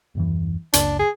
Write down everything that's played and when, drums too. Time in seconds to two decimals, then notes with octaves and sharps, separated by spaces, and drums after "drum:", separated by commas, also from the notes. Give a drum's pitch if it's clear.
0.15 D#1 F#2 E3
0.73 F#1 C#2 D4, drum: hi-hat
0.99 G#4